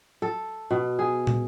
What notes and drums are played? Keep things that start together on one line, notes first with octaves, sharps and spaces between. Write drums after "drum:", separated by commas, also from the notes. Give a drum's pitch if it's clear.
A4
B2
G#4
drum: tom